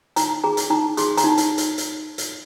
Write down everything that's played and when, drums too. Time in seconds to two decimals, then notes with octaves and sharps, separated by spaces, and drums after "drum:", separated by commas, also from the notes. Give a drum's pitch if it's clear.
0.16 D#4 A#5, drum: hi-hat
0.44 G#4 A#5
0.57 drum: hi-hat
0.70 D#4 A#5
0.97 G#4 C6, drum: hi-hat
1.17 A#5, drum: hi-hat
1.24 D#4
1.38 drum: hi-hat
1.58 drum: hi-hat
1.78 drum: hi-hat
2.18 drum: hi-hat